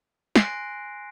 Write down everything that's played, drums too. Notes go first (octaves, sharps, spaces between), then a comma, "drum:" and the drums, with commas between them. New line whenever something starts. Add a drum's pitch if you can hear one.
G#5 C6 F#6 A#6 C7 D7, drum: snare